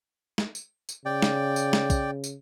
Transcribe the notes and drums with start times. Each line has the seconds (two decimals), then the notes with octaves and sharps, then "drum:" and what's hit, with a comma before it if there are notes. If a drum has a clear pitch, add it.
0.38 drum: snare
0.55 drum: tambourine
0.89 drum: tambourine
1.06 C#3 D5 G5
1.22 drum: snare
1.56 drum: tambourine
1.73 drum: snare
1.90 drum: kick, tambourine
2.24 drum: tambourine